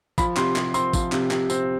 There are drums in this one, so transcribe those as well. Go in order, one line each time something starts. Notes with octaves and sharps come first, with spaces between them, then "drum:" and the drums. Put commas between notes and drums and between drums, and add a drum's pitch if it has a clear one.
F3 B5, drum: kick G#1, tambourine
C3 C6, drum: clap
C3, drum: clap
C4 C6, drum: tambourine
F3, drum: kick G#1, tambourine
C3, drum: clap
C3, drum: clap
C4, drum: tambourine